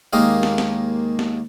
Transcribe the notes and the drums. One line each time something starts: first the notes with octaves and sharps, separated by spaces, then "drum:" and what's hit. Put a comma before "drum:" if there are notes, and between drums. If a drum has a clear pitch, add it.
D#2 G#3 A#3 G4 D#5 F5
drum: snare
drum: snare
drum: snare